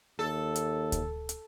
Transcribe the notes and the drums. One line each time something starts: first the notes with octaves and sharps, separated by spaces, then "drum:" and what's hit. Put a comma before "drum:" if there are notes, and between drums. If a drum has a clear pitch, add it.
D#2 A4
drum: hi-hat
drum: kick D2, hi-hat
drum: hi-hat